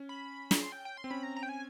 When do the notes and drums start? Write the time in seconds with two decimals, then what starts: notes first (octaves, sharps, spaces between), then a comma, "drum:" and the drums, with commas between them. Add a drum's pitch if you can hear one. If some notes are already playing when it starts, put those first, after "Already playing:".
Already playing: C#4
0.09 B5
0.51 drum: snare
0.61 C6
0.72 G5
0.85 G5
0.97 C6
1.04 C4
1.11 C#4 B5
1.23 A#5
1.36 A#5
1.43 G5
1.49 G#5